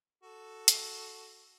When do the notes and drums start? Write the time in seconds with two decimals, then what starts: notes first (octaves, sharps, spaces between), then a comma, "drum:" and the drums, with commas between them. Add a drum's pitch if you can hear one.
0.23 F#4 A4
0.68 drum: hi-hat